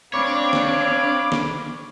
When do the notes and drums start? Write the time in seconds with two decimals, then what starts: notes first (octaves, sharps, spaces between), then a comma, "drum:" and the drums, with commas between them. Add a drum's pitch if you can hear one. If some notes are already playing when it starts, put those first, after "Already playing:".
0.14 C4 D4 C#5 F5 B5 D6
0.53 drum: snare
1.32 drum: snare